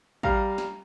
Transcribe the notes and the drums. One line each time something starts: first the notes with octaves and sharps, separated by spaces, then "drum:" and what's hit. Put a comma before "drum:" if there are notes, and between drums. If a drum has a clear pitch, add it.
G3 F5 A#5, drum: kick A1
drum: snare